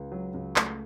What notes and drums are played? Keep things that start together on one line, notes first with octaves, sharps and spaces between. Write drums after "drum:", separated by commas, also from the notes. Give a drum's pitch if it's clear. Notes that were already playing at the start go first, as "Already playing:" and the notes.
Already playing: C#2
F#3
C#2
A3, drum: clap